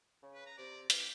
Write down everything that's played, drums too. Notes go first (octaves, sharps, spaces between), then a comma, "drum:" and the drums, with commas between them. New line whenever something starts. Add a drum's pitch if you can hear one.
C#3
B4
A#5
C3 D5
E3 G4, drum: hi-hat